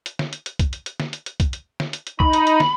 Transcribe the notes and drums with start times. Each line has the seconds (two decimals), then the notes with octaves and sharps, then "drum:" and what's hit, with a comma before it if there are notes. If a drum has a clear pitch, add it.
0.06 drum: hi-hat
0.19 drum: snare
0.33 drum: hi-hat
0.46 drum: hi-hat
0.59 drum: kick, hi-hat
0.73 drum: hi-hat
0.86 drum: hi-hat
1.00 drum: snare
1.13 drum: hi-hat
1.26 drum: hi-hat
1.40 drum: kick, hi-hat
1.53 drum: hi-hat
1.80 drum: snare
1.93 drum: hi-hat
2.07 drum: hi-hat
2.20 D#4 B5, drum: kick
2.33 drum: hi-hat
2.47 drum: hi-hat
2.60 drum: snare